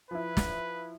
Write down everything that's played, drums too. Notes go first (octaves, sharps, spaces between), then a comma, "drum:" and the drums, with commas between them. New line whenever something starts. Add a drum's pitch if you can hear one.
F3 E4 B4
drum: snare